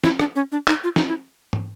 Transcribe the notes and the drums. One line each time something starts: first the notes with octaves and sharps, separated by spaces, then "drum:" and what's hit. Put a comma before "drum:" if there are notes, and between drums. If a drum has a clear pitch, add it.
E4, drum: snare
D4, drum: rim click
C#4
D4
D#4, drum: clap
F4
D#4, drum: snare
E4
drum: tom